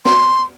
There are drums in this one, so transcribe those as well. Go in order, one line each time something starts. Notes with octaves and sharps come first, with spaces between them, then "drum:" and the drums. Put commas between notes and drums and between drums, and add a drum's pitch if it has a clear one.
C6, drum: snare